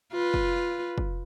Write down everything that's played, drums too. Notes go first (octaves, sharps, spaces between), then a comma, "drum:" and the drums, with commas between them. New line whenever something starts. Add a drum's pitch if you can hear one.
F4 B4
drum: kick
drum: kick